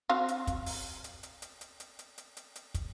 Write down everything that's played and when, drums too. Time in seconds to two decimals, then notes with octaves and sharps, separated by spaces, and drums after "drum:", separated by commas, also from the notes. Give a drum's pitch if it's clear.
0.10 C4 F#4 F5
0.28 drum: hi-hat
0.47 drum: kick, hi-hat
0.66 drum: open hi-hat
1.04 drum: hi-hat
1.23 drum: hi-hat
1.42 drum: hi-hat
1.61 drum: hi-hat
1.80 drum: hi-hat
1.99 drum: hi-hat
2.18 drum: hi-hat
2.37 drum: hi-hat
2.56 drum: hi-hat
2.74 drum: kick, hi-hat